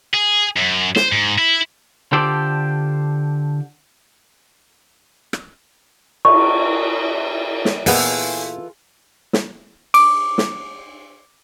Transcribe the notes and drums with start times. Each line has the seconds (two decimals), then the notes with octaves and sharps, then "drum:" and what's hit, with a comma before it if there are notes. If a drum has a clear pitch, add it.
0.14 G#4
0.57 F#2
0.96 C5, drum: snare
1.12 G#2
1.38 E4
2.12 D3 F4 G4 A4 C5 D5
5.33 drum: rim click
6.25 C#6, drum: cymbal
7.65 drum: snare
7.86 A#2 E3 B3 F4 G#4 A4, drum: open hi-hat
9.33 drum: snare
9.94 D6, drum: cymbal
10.38 drum: snare